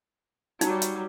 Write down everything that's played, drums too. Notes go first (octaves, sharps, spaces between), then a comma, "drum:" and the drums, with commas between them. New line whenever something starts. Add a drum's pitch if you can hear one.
F#3 G3 D#4, drum: hi-hat
drum: hi-hat